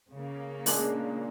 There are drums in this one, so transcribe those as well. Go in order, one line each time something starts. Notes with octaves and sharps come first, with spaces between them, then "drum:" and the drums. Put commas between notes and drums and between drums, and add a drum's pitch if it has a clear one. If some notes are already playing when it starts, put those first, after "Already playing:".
C#3 A#3
A#2 G#3 D4, drum: open hi-hat